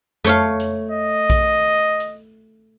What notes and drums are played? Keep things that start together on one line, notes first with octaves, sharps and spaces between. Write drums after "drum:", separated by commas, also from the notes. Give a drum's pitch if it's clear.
A3 C#5 F5, drum: tom F2
drum: hi-hat
D#5
drum: kick A#1, hi-hat
drum: hi-hat